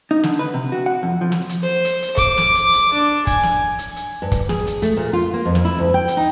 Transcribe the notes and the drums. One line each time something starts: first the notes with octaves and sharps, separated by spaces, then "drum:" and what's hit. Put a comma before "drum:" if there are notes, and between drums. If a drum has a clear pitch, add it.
D#4
D3, drum: snare
B4
C3
F#4
F#5
F2
F3
drum: snare
drum: hi-hat
C5
drum: hi-hat
drum: hi-hat
D6, drum: kick, hi-hat
drum: snare
drum: hi-hat
drum: hi-hat
D4
G#5, drum: kick, hi-hat
drum: snare
drum: hi-hat
drum: hi-hat
G2
drum: kick, hi-hat
G#4, drum: snare
drum: hi-hat
A3, drum: hi-hat
A#2
F4
A#3
F2
drum: snare
E4
D2
G5
drum: hi-hat
D#4